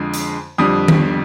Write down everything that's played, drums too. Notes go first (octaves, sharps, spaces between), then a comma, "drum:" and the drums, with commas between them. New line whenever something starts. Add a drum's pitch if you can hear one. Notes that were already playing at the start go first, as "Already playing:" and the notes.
Already playing: F2 D3 F3 G#3
drum: hi-hat
F2 D3 G3 D#6
drum: tom D#3